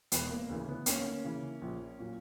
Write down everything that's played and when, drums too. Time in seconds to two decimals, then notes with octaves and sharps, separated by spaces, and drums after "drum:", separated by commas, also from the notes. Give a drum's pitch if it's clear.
0.12 E1 B3, drum: hi-hat
0.31 A#3
0.49 D2 C#3 E3
0.69 B3
0.86 D2 A#3 C#4, drum: hi-hat
1.25 C#3 E3
1.62 A#1
1.99 A#2 F#3